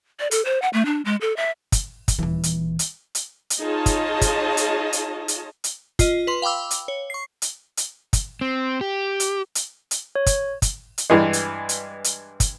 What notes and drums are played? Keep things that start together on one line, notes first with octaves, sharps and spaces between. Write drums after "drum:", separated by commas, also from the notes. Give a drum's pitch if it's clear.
D5
A4, drum: hi-hat
C5
F#5
A3
D4
G#3
A4
E5
drum: kick, hi-hat
drum: kick, hi-hat
D#1 E3
drum: hi-hat
drum: hi-hat
drum: hi-hat
drum: hi-hat
D#4 F4 G#4 C#5 D#5 A5
drum: kick, hi-hat
drum: kick, hi-hat
drum: hi-hat
drum: hi-hat
drum: hi-hat
drum: hi-hat
F4 D#5, drum: kick, hi-hat
B4 C6
F5 G5 B5 D6 E6
drum: hi-hat
C#5
C#6 C7
drum: hi-hat
drum: hi-hat
drum: kick, hi-hat
C4
G4
drum: hi-hat
drum: hi-hat
drum: hi-hat
C#5
drum: kick, hi-hat
drum: kick, hi-hat
drum: hi-hat
G2 E3 G#3
drum: hi-hat
drum: hi-hat
drum: hi-hat
drum: kick, hi-hat